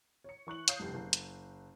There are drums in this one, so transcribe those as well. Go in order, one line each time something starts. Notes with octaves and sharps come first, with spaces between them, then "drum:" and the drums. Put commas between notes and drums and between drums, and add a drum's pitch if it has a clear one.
C#5 C#7
E3 C#6 F#6 F#7
C#5 F5 D#6 G6 C7, drum: hi-hat
F1 G2
F#1
drum: hi-hat